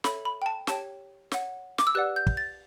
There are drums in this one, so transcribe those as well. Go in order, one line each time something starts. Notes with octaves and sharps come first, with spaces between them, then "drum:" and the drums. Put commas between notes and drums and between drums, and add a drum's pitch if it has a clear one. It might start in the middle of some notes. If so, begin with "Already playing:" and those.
A4 C#5 E5 B5, drum: snare
B5
G5
A5
G4 C#5 G5 A5, drum: snare
C#5 F#5, drum: snare
D6, drum: snare
E6
G4 B4 D5 F#5 F#6
G6
drum: kick
A6